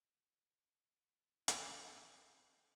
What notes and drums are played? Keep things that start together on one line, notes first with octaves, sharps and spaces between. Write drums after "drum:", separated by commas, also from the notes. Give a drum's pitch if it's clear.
C4 D#4, drum: hi-hat